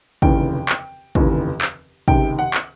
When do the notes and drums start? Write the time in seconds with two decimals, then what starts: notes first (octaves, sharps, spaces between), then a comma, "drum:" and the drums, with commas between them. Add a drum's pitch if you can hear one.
0.22 F1 D#2 C#3 E3 G5, drum: kick
0.69 drum: clap
1.15 F1 D#2 C#3 E3, drum: kick
1.61 drum: clap
2.08 C#2 C3 D#3 G5, drum: kick
2.39 F#5
2.54 drum: clap